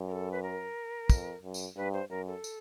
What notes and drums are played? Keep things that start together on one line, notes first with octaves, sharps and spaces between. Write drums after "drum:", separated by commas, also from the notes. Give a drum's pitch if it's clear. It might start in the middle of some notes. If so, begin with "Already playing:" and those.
Already playing: F#2
A#4
A4
B4
A#4
F2, drum: kick, tambourine
F#2
drum: tambourine
G2 B4
C5
F#2 A#4
A4
drum: tambourine